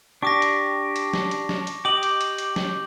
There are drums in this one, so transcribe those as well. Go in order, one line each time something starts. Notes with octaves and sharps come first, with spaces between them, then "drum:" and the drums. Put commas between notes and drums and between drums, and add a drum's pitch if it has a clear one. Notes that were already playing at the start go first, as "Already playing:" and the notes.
D4 G4 C#6 D6 A#6
drum: hi-hat
drum: hi-hat
drum: snare
drum: hi-hat
drum: snare
drum: hi-hat
G4 D#5 D6 F#7
drum: hi-hat
drum: hi-hat
drum: hi-hat
drum: snare